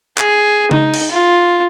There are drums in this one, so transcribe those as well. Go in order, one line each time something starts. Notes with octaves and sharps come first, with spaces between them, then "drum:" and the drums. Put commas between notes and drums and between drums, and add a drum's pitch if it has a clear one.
G#4, drum: clap
D#4, drum: tom C#3
drum: cymbal
F4